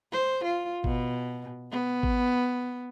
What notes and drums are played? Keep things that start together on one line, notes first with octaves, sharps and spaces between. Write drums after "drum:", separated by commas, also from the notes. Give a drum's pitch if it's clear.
C5
F4
B2, drum: kick G#1
B3
drum: kick G#1